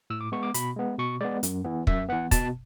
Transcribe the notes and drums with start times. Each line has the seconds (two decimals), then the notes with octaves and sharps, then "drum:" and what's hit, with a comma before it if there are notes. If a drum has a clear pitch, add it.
0.10 A2 E6
0.21 D6
0.32 G#3 B3 C#6
0.43 D6
0.54 B2 B5, drum: hi-hat
0.77 G#3 B3
0.98 B2 C#6
1.21 G#3 B3 D5
1.43 F#2, drum: hi-hat
1.64 E3 B3
1.87 F#2 E5, drum: kick
2.09 E3 B3 F#5
2.31 B2 A5, drum: kick, hi-hat